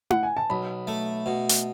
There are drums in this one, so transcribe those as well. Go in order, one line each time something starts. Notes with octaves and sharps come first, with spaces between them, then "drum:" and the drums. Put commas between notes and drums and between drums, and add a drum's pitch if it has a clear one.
F#5, drum: tom E4
G#5
A5
B1 B5
A3
B2
drum: hi-hat